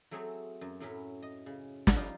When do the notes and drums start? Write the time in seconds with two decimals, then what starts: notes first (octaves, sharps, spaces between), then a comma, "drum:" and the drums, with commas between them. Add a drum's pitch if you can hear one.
0.11 F#3 A3 C4 G#4 C#5 E5
0.61 F#2
0.80 A2 F#3 C#4 B5
1.22 D#5
1.46 C#3
1.87 drum: snare
1.96 F3 G3 C#4 D#4 F4